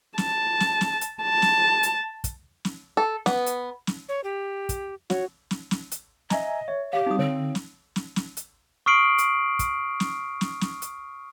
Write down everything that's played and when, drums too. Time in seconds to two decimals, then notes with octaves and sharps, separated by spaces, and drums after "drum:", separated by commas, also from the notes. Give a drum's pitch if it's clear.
0.18 A5, drum: snare
0.60 drum: snare
0.81 drum: snare
1.01 drum: hi-hat
1.23 A5
1.42 drum: snare
1.83 drum: hi-hat
2.24 drum: kick, hi-hat
2.65 drum: snare
2.97 A4
3.26 B3, drum: snare
3.46 drum: hi-hat
3.87 drum: snare
4.09 C#5
4.24 G4
4.69 drum: kick, hi-hat
5.10 F#4 C#5, drum: snare
5.51 drum: snare
5.71 drum: snare
5.91 drum: hi-hat
6.30 D#5 E5 G#5 A#5, drum: snare
6.68 C#5 E5
6.93 G4 F5
7.06 G3 C4 D#4 F#4 D#6
7.19 D3 C4 C#5
7.55 drum: snare
7.96 drum: snare
8.16 drum: snare
8.37 drum: hi-hat
8.86 C#6 D#6 F6 C7 D7 F#7
9.18 drum: hi-hat
9.59 drum: kick, hi-hat
10.00 drum: snare
10.41 drum: snare
10.61 drum: snare
10.82 drum: hi-hat